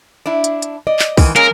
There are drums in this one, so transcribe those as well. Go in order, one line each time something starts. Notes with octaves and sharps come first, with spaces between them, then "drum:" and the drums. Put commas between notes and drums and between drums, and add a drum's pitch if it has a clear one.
D4 E4
drum: hi-hat
drum: hi-hat
D5 D#5
drum: clap
G#2 D#3 E3, drum: kick, open hi-hat
G#3 A#3 C#4 A#4, drum: hi-hat